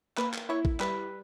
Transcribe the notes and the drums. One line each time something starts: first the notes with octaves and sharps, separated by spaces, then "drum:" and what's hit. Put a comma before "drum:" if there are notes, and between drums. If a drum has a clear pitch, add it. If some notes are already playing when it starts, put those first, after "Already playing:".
A#3 B4, drum: clap
drum: clap
E4 C#5
drum: kick A1
G3 B4, drum: clap